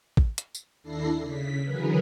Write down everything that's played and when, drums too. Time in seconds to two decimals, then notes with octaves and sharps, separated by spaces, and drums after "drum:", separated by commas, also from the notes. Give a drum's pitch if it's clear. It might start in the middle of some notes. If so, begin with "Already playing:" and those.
0.17 drum: kick A1
0.38 drum: hi-hat
0.55 drum: tambourine
0.83 D#2 D4 E4 A4 A#6 C7
1.20 C#3 B6
1.63 D3 E3 F#3 G#4 A#4 B4